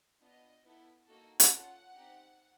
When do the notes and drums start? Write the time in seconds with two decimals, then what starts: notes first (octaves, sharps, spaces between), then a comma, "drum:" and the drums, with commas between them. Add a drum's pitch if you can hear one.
0.21 B3 D4 F4 D#5
0.65 B3 E4 A4
1.07 A#3 D#4 F#4 A4
1.40 drum: hi-hat
1.51 C#4 F4 A4 F#5
1.95 C4 D#4 G4